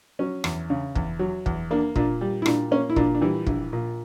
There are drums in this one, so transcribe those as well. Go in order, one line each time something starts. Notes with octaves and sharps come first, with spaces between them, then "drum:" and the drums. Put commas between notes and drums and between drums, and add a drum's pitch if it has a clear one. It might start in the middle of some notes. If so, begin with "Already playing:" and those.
F#3 C#4
E2, drum: rim click
C#3
E2, drum: kick
F#3
E2, drum: kick
A#3 D4
A#2 D4, drum: kick
G3
E4
A#2 D4, drum: rim click
A#3 C#4
E4
A#2 D4, drum: kick
D4
E3 G3 E4
A#1, drum: kick
A#2